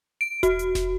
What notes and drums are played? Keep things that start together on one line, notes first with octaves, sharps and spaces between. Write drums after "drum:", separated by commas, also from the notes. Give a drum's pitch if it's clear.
D7
F#4, drum: kick E1, hi-hat
drum: hi-hat
drum: snare F1